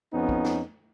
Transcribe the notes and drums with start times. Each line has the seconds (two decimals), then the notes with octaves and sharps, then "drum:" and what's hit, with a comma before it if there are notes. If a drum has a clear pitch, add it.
0.13 F2 B3 C#4 D#4
0.29 drum: kick
0.44 drum: snare